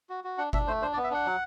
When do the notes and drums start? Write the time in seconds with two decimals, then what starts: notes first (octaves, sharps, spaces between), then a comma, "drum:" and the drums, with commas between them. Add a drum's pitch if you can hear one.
0.10 F#4
0.24 F#4
0.38 D4 F#5
0.53 D4 E5, drum: kick G1
0.67 A3 C5
0.82 D4 C5
0.93 D5
0.97 B3
1.04 E5
1.11 D4 F#5
1.26 F#3